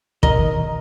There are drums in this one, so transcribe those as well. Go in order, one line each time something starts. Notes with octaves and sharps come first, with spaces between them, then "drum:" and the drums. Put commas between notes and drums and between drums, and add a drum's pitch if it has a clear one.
B2 D#3 A#4 D#5, drum: kick